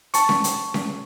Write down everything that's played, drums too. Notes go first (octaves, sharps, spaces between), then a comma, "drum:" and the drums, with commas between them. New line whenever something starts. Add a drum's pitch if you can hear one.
A5 C#6, drum: hi-hat
drum: snare C#4
drum: hi-hat
drum: snare C#4